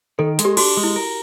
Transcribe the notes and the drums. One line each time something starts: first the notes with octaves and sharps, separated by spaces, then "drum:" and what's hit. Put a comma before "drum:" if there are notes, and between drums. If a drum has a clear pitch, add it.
D#3 A4
G#3, drum: hi-hat
G4
D4 F#4, drum: cymbal
G#3
E4
A#4